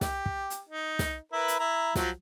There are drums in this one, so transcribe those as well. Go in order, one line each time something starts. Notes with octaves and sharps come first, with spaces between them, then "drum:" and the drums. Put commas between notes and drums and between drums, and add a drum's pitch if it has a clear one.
G4, drum: snare
drum: kick
drum: hi-hat
D#4
drum: snare
E4 A#4 B4
drum: hi-hat
E4 A#5
F3 F#3, drum: snare